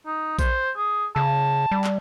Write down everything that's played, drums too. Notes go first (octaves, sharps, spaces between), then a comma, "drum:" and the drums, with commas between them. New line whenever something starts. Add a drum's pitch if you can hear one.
D#4
C5, drum: kick A#1, tambourine
G#4
C#3 A5
G3
drum: clap